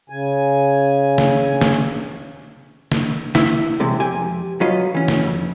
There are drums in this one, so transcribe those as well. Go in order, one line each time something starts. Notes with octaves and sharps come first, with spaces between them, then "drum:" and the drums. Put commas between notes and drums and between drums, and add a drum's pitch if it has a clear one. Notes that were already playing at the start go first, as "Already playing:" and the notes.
C#3 G#5
drum: snare
drum: snare
drum: snare
E4, drum: snare
B1 E2 C3 G#3
F2 G4 G#5
F#3 F4 B4 D#5
E3 C#4
drum: snare
F2